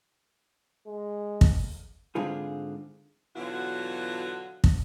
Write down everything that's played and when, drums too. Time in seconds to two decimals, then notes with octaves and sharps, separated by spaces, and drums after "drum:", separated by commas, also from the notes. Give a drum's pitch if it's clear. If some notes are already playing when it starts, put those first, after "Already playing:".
0.87 G#3
1.41 drum: kick
2.15 G#2 D3 C4 F4 G#4
3.36 B2 D3 E3 F#3 F4 F#4
4.64 drum: kick